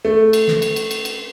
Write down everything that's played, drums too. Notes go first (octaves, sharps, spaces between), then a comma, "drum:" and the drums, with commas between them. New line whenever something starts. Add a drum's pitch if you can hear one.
A3
drum: cymbal
drum: snare
drum: cymbal
drum: cymbal
drum: cymbal
drum: cymbal